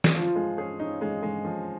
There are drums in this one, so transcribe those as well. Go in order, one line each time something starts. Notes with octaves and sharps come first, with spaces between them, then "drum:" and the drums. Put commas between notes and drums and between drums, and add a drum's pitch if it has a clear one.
drum: snare
F3 F4 F5
G#3
C#4 G#4 C#5
D#4
G#3
G#3
F3